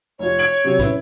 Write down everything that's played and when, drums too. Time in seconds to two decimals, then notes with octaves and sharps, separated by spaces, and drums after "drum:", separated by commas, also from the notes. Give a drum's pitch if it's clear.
0.19 F1 F4 C#5
0.39 G#6 D7 F#7
0.64 C3 F#3 C4
0.79 C#4 E4 B4, drum: kick, hi-hat